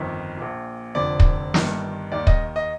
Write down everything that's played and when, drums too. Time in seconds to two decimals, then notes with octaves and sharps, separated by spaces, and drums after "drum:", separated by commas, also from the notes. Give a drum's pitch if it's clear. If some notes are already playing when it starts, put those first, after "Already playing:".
Already playing: G1 F2 D#3
0.37 A#1 A#2
0.95 F1 F2 D3 D5
1.20 drum: kick
1.54 G1 G2 D#3, drum: snare
2.12 D#2 D#3 D5
2.27 D#5, drum: kick
2.56 D#5